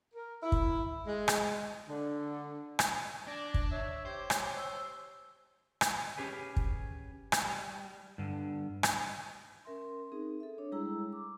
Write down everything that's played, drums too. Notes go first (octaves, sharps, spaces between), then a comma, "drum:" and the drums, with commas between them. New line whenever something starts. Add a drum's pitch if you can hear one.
A#4
E4
drum: kick
G#3
drum: rim click
D3
drum: rim click
D4 D5 G#6 A#6
drum: kick
C#5 E5 G#6
G4 C5
drum: rim click
E6
drum: rim click
C#4 G4 G#4 B4
drum: kick
drum: rim click
G3
G2 D3
drum: rim click
C#4 A#4 E5 C6
C4 D#4 G#4
A4 E5
D4 C#5
G3 G#3 E4 G#4 A#5 E6
D6